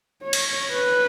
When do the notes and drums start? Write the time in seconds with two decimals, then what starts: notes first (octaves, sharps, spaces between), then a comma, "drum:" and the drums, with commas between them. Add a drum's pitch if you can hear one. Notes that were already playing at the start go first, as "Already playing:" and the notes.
0.23 C#5
0.33 drum: cymbal
0.72 B4